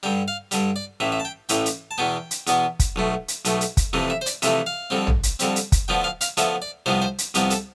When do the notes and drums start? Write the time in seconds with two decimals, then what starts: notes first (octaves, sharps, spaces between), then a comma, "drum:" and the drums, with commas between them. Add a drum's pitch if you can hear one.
0.03 G2 D3 G3 G5
0.28 F5
0.51 G2 D3 G3, drum: hi-hat
0.76 D5
1.00 A1 A2 E3 E5
1.12 E5
1.20 A5
1.25 G5
1.49 A1 A2 E3 G5, drum: hi-hat
1.66 drum: hi-hat
1.91 A5
1.98 E2 B2 B3 G5
2.31 drum: hi-hat
2.47 E2 B2 B3, drum: hi-hat
2.79 drum: kick, hi-hat
2.96 B1 B2 A3
3.28 drum: hi-hat
3.45 B1 B2 A3, drum: hi-hat
3.61 drum: hi-hat
3.77 drum: kick, hi-hat
3.93 F2 C3 E3 A3
4.10 E5
4.21 C5
4.26 D5, drum: hi-hat
4.42 F2 C3 E3 A3 E5, drum: hi-hat
4.66 F5
4.90 F2 D3 G3 C4
5.07 drum: tom
5.23 drum: hi-hat
5.39 F2 D3 G3 C4, drum: hi-hat
5.56 drum: hi-hat
5.72 drum: kick, hi-hat
5.88 D2 D3 F3 B3 G5
6.04 F5
6.21 F5, drum: hi-hat
6.37 D2 D3 F3 B3 E5, drum: hi-hat
6.62 D5
6.86 C2 C3 F3 B3 C5
7.02 C5
7.18 drum: hi-hat
7.34 C2 C3 F3 B3 G4, drum: hi-hat
7.50 A4, drum: hi-hat